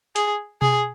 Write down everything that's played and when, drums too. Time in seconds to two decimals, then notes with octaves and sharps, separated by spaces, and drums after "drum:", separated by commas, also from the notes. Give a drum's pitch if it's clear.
0.16 G#4, drum: hi-hat
0.62 G#4, drum: tom B2